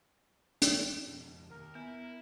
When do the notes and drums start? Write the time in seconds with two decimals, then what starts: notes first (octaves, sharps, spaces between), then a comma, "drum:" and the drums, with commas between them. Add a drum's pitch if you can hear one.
0.62 drum: hi-hat
1.07 F2 B2
1.51 D#2 A#4
1.75 B3 E4